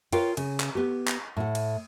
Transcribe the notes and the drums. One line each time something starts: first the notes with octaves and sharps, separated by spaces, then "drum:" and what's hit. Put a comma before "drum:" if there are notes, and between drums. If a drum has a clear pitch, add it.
F4 A#4 B4 C#5 F5 G5, drum: cymbal
C#3, drum: cymbal
drum: clap
B3 G4
drum: clap
A2 F#5
drum: cymbal